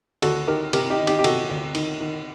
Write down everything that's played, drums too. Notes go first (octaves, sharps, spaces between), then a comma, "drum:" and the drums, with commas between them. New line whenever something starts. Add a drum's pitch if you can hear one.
D2 F#4 A4, drum: cymbal
D#3 G4 A#4
C3 G4 A#4, drum: cymbal
D#4 G4
D#3
D#4 G4, drum: cymbal
G4
C3 F#4 A4, drum: cymbal
D2
D#3, drum: cymbal
D#3